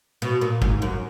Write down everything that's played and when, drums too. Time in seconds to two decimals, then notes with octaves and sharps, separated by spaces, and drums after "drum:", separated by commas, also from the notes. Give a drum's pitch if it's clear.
0.22 B2
0.41 A#2
0.62 G#2, drum: kick G#1
0.82 F#2